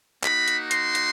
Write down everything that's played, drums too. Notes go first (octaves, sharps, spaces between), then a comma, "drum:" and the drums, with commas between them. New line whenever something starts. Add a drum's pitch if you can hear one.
A#3 D#4 F#4 B5, drum: clap
drum: hi-hat
C6, drum: hi-hat
drum: hi-hat